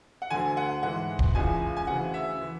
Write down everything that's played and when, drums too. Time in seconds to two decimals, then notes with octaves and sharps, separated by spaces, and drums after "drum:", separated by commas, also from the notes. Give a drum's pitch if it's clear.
0.22 F#5
0.30 D2 D3 G#5
0.57 F#5
0.83 G#2 E3 F#5
1.19 drum: kick
1.35 C#2 C#3 E3 G#5
1.77 G#5
1.87 D2 C#3 E3 F#5
2.14 E5
2.41 E3